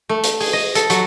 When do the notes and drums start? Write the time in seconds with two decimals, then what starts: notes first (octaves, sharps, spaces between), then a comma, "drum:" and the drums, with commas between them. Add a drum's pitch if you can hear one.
0.09 A3
0.23 drum: hi-hat
0.40 G#4, drum: open hi-hat
0.53 D#5
0.75 A4, drum: hi-hat
0.90 F#3, drum: hi-hat